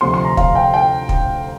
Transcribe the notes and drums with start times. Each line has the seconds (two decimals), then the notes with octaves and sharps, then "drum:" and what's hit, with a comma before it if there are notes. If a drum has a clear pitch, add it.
0.01 D2 C3 F3 C6
0.14 C6
0.25 A#5
0.37 F5, drum: kick
0.55 G5
0.74 G5
1.09 drum: kick